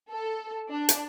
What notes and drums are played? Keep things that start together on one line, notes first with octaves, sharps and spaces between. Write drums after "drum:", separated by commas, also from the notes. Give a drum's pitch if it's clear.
A4
D4
drum: hi-hat